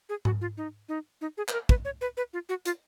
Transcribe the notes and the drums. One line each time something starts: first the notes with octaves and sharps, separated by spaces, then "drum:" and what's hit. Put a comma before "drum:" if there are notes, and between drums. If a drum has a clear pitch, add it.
G#4
F#4, drum: tom G#2
F4
D#4
D#4
D#4
G#4
B4, drum: clap
A#4
B4, drum: kick
C#5
B4
B4
F4
F#4
F4, drum: hi-hat